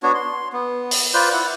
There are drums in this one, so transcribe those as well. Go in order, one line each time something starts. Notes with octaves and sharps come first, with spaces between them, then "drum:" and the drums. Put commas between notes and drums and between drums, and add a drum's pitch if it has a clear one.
B3 D4 F#4 C#5
C6
B3
drum: open hi-hat
F4 B4 C5 D5
E4 F#5